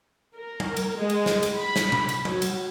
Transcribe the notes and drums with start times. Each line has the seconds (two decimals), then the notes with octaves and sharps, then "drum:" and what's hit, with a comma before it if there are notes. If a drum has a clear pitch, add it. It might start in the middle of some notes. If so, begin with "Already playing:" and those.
0.37 A#4
0.60 drum: tom
0.77 drum: cymbal
0.98 G#3
1.10 drum: cymbal
1.26 drum: snare
1.43 drum: cymbal
1.57 B5
1.76 drum: snare
1.92 drum: tom B2
2.09 drum: cymbal
2.25 F#3, drum: tom
2.42 drum: cymbal